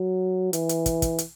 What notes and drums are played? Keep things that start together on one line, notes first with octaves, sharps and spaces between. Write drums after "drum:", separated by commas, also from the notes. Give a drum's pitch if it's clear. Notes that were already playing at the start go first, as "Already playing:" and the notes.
Already playing: F#3
E3, drum: hi-hat
drum: hi-hat
drum: kick, hi-hat
drum: kick, hi-hat
drum: hi-hat